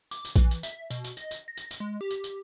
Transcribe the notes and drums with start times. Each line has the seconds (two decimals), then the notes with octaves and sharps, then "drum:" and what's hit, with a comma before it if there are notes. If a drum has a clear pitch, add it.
0.11 D6, drum: tambourine
0.25 drum: tambourine
0.36 E3, drum: kick A#1, tambourine
0.51 drum: tambourine
0.63 E5, drum: tambourine
0.90 B2, drum: tambourine
1.04 drum: tambourine
1.17 D#5, drum: tambourine
1.31 drum: tambourine
1.48 A#6
1.58 drum: tambourine
1.71 drum: tambourine
1.80 G#3
2.01 G4
2.11 drum: tambourine
2.24 drum: tambourine